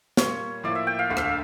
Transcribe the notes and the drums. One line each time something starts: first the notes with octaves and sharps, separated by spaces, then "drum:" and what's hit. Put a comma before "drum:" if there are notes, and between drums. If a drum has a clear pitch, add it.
A#2 G3 A#3 C#5, drum: snare
A2 F3 A#3 E4 D5
E5
G5
F5
E1 D2 D3 A3 F5
E5, drum: rim click
F5